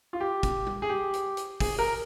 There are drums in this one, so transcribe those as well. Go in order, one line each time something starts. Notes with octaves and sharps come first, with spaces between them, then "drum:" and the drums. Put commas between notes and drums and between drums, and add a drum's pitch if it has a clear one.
F4
G4
drum: kick, hi-hat
drum: tom
G#4
G4
drum: hi-hat
drum: hi-hat
G#4, drum: kick, open hi-hat
A#4